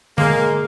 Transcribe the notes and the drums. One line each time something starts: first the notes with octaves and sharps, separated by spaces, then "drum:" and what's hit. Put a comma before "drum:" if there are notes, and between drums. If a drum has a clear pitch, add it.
G#3 A#3, drum: tom D3